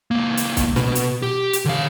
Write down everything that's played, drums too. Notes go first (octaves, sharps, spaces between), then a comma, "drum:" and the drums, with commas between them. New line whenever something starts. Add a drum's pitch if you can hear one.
C#2 A#3
drum: hi-hat
drum: kick, hi-hat
B2, drum: snare
drum: hi-hat
G4
drum: hi-hat
D3 F5